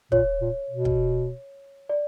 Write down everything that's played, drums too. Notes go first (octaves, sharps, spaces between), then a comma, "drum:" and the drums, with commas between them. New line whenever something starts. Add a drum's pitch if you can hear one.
A#2 C#5, drum: kick
A#2
B2
drum: kick
D5